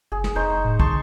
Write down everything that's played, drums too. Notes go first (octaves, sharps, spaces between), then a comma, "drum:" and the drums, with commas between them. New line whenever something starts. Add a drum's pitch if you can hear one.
F#1 G#4
drum: snare
F1 D#4 C5 C#6
A2
D3 A5 C6 C#6, drum: kick